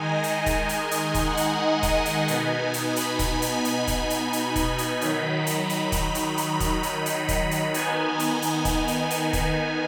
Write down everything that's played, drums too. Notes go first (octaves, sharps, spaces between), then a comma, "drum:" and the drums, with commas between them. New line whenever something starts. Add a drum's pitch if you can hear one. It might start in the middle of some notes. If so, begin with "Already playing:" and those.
Already playing: D#3 G#3 D#4 D#5 G#5
D#5, drum: hi-hat
drum: kick, hi-hat
drum: hi-hat
D#5, drum: hi-hat
drum: kick, hi-hat
F#5
drum: hi-hat
drum: kick, hi-hat
drum: hi-hat
B2 B3 D#4 G#5, drum: hi-hat
drum: hi-hat
B5, drum: hi-hat
drum: kick, hi-hat
drum: hi-hat
drum: hi-hat
drum: kick, hi-hat
drum: hi-hat
drum: hi-hat
drum: kick, hi-hat
drum: hi-hat
D#3 F#3 D#4, drum: hi-hat
drum: hi-hat
B5, drum: hi-hat
drum: kick, hi-hat
drum: hi-hat
drum: hi-hat
drum: kick, hi-hat
drum: hi-hat
drum: hi-hat
drum: kick, hi-hat
drum: hi-hat
D#3 B3 D#4 G#5, drum: hi-hat
drum: hi-hat
drum: hi-hat
drum: kick, hi-hat
drum: hi-hat
drum: hi-hat
drum: kick, hi-hat